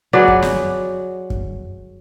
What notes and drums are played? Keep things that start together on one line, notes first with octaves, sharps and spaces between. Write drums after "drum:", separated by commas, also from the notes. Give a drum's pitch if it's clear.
F#3 G#4 B4 D5
drum: kick F#2
drum: snare
drum: kick F#2